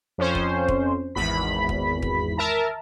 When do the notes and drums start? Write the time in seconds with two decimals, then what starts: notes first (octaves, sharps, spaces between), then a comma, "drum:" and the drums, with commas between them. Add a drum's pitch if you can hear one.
0.18 F2 C#4 C5
0.35 drum: kick
0.68 drum: kick
1.15 G#1 E2 B5 B6
1.69 drum: kick
2.02 drum: kick
2.38 A#4 E5 A5 A#5